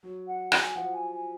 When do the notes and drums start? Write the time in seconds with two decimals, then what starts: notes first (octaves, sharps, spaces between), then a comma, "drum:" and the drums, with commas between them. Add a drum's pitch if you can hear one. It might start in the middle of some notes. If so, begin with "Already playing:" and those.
0.03 F#3
0.27 F#5
0.52 G#5, drum: rim click
0.75 F3 F#5
0.94 G#5
1.12 G#5